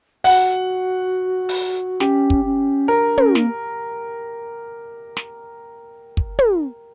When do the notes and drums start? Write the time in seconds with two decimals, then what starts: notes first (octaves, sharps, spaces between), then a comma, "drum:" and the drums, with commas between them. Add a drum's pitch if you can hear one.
0.24 F#4 F#5, drum: open hi-hat
1.49 drum: open hi-hat
2.00 C#4 G4, drum: snare
2.30 drum: kick
2.44 C#4
2.88 D4 A#4
3.18 C#4, drum: tom
3.35 A#3, drum: snare
5.17 drum: snare
6.17 drum: kick
6.39 drum: tom